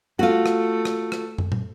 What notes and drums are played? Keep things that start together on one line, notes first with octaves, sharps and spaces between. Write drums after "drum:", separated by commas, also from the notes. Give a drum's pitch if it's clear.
A3 F4 F#4
drum: rim click
drum: rim click
drum: rim click
drum: tom
drum: tom